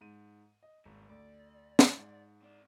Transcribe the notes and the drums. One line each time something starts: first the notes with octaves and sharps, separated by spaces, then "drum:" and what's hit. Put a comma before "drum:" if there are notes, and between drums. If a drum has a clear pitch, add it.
G#2 D#7
D#5
G#1 A#2 G3
D2 D5
drum: snare
G#2
C4 D5